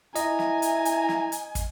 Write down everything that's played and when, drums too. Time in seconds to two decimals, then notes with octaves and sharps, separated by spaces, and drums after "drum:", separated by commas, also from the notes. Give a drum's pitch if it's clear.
0.16 E4 D#5 G#5 A#5, drum: hi-hat
0.39 drum: snare
0.62 drum: hi-hat
0.85 drum: hi-hat
1.09 drum: snare
1.32 drum: hi-hat
1.55 drum: kick, hi-hat